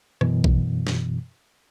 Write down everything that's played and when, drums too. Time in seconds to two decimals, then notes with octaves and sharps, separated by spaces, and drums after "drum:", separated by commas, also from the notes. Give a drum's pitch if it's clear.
0.21 F#2 B2 E3, drum: rim click
0.44 drum: kick A#1
0.87 drum: snare